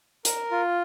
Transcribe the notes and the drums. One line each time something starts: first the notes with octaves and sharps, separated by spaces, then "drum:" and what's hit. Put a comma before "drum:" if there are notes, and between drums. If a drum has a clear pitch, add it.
A#4, drum: hi-hat
F4